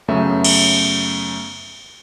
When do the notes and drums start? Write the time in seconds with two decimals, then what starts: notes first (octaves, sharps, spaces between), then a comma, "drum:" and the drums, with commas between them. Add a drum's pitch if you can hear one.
0.08 F#2 C#3 A3 B3 E5
0.44 drum: cymbal